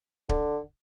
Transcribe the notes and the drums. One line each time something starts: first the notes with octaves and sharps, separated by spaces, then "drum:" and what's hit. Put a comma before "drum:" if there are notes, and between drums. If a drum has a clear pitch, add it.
D3, drum: kick D1